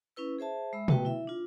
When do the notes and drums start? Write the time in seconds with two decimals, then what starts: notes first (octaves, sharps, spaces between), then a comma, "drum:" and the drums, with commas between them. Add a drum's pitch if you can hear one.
0.16 C#4 E4 B4 E6
0.38 G#4 C5 E5 A5
0.73 G#3 E5 B5 E6
0.88 A3 B3 F#4 B4 G5, drum: tom B2
1.05 E4 E5
1.27 D4 F4